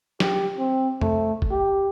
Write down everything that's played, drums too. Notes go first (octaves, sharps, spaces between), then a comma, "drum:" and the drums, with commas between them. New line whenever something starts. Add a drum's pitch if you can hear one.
G4, drum: snare
C4
A3, drum: tom F2
drum: kick
G4